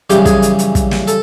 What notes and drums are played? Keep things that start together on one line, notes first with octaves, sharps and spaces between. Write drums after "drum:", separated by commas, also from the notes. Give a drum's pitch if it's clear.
F#2 C#3 E3 G3 G4, drum: hi-hat
G#4, drum: kick, hi-hat
drum: hi-hat
drum: hi-hat
drum: kick, hi-hat
drum: snare
A4, drum: hi-hat